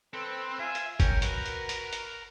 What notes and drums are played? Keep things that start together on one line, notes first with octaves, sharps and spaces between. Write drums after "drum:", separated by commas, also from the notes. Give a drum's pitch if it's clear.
C4 A4 B4
F4 E5 G#5
drum: hi-hat
C#4 A#4 G5, drum: kick, hi-hat
F#4 B4, drum: hi-hat
drum: hi-hat
drum: hi-hat
drum: hi-hat